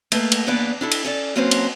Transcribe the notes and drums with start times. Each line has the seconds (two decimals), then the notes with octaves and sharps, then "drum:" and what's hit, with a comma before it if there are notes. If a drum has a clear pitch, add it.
0.12 A3 A#3 B4, drum: cymbal
0.32 drum: cymbal
0.47 E2 A#3 B3 D4 B4 D5
0.81 D4 E4 A4
0.92 drum: cymbal
1.04 C#4 A4 D5
1.36 F#3 A#3 C4 C#4 B4 C5
1.51 drum: cymbal